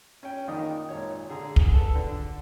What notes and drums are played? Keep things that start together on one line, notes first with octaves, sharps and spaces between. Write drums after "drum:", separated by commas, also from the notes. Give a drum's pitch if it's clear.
C#4 G5
A#1 D#3 D#4 D5 D#6
G#1 A#2 C#5
D3 G#4 A#5
drum: kick
A4 B4
D3